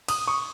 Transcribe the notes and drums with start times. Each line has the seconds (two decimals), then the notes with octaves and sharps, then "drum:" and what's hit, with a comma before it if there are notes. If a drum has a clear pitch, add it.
0.08 D#6, drum: cymbal
0.28 C#6